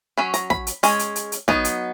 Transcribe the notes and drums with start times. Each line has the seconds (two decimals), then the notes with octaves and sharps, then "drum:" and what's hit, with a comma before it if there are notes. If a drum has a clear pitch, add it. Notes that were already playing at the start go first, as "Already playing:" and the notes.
0.18 F#3 C#4 B5
0.34 A#5, drum: hi-hat
0.50 B5, drum: snare
0.67 drum: hi-hat
0.83 G#3 C#4, drum: open hi-hat
0.99 drum: hi-hat
1.16 drum: hi-hat
1.32 drum: hi-hat
1.48 F#3 B3 D#4, drum: snare
1.65 drum: hi-hat